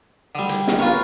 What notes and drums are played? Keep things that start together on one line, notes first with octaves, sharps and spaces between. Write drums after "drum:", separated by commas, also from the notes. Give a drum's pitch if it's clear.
D3 G3
drum: hi-hat
drum: snare
F4 A#4 B4 C#5 F5